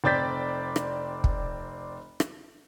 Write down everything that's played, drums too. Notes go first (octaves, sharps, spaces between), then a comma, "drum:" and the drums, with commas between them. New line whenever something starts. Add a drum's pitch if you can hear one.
F1 C4 D5 G6 A6 B6
drum: rim click
drum: kick
drum: rim click